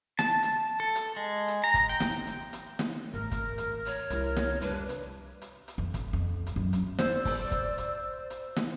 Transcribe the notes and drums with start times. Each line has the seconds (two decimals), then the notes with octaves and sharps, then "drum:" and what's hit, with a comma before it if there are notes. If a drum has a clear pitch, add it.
0.19 A5, drum: snare
0.43 drum: hi-hat
0.80 A4
0.95 drum: hi-hat
1.16 G#3
1.48 drum: hi-hat
1.64 A#5
1.74 drum: kick, hi-hat
1.89 G5
2.00 drum: snare
2.27 drum: hi-hat
2.53 drum: hi-hat
2.79 drum: snare
3.14 G#1 A3 A#4
3.32 drum: kick, hi-hat
3.58 drum: hi-hat
3.86 C#5, drum: hi-hat
4.10 C2 E4 A#4, drum: hi-hat
4.37 drum: snare
4.62 C2 F2 D4 B4, drum: hi-hat
4.89 drum: hi-hat
5.42 drum: hi-hat
5.68 drum: hi-hat
5.78 F2
5.94 drum: kick, hi-hat
6.13 F2
6.46 drum: hi-hat
6.56 F#2
6.73 drum: hi-hat
6.99 C5 D5 E6, drum: snare
7.25 drum: kick, open hi-hat
7.51 drum: kick, hi-hat
7.78 drum: hi-hat
8.30 drum: hi-hat
8.56 drum: snare